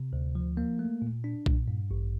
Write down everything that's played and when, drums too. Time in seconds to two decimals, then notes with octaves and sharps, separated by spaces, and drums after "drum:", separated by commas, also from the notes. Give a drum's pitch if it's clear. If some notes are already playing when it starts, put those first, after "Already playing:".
Already playing: C3
0.13 D2
0.35 F3
0.57 A#3
0.79 A3
1.02 A#2
1.24 D4
1.46 A#2, drum: kick B1
1.68 G2
1.91 A1